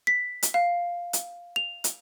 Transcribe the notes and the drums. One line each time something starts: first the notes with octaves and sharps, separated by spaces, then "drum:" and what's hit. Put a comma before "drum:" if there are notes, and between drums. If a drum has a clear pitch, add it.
B6
drum: hi-hat
F5
drum: hi-hat
F7
drum: hi-hat